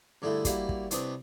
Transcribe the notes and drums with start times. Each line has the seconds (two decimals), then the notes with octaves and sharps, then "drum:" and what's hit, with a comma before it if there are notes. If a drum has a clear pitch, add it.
0.22 G2 D3 G#3 A3 E4
0.45 G3 A#3 E4 F#4, drum: kick, hi-hat
0.69 drum: kick
0.91 C2 C4 D4 B4 D#5, drum: hi-hat